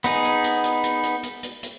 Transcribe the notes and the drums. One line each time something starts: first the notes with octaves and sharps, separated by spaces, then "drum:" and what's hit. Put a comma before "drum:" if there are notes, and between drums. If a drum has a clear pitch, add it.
B3 D#4 G#4, drum: hi-hat
drum: hi-hat
drum: hi-hat
drum: hi-hat
drum: hi-hat
drum: hi-hat
drum: hi-hat
drum: hi-hat
drum: hi-hat